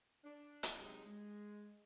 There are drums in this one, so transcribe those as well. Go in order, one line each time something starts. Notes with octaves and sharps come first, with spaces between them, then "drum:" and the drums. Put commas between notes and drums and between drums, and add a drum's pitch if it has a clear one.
D4
drum: hi-hat
C3 F#3 G#3 D#4
G#3